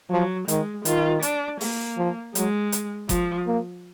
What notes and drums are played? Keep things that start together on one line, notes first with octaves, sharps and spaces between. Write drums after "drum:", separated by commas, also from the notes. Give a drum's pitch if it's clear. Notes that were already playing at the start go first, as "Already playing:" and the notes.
F3 F#3
D#3 G#3, drum: hi-hat
D#3 F4, drum: hi-hat
D4, drum: hi-hat
A#3, drum: open hi-hat
F3
F#3 G#3, drum: hi-hat
drum: hi-hat
F3, drum: kick F#1, hi-hat
A#3